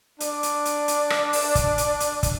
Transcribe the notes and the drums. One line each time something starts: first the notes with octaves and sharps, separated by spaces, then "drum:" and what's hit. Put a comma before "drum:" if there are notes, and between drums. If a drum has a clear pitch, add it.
D4 D5, drum: hi-hat
drum: hi-hat
drum: hi-hat
drum: hi-hat
drum: rim click
drum: open hi-hat
drum: kick, hi-hat
drum: hi-hat
drum: hi-hat
drum: kick, hi-hat